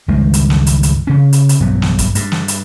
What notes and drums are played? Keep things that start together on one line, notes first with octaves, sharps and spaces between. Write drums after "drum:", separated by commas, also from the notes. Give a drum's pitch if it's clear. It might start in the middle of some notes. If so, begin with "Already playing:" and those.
C#2 G2 D#3 G#3
drum: hi-hat
drum: snare
drum: hi-hat
drum: hi-hat
C#3 C#4
drum: hi-hat
drum: hi-hat
B1 G2 F#3 B3
drum: snare
drum: kick, hi-hat
G2, drum: hi-hat
drum: snare
drum: hi-hat